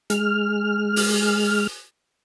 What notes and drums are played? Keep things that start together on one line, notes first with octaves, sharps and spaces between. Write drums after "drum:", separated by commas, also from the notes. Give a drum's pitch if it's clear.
G#3 F6, drum: hi-hat
drum: open hi-hat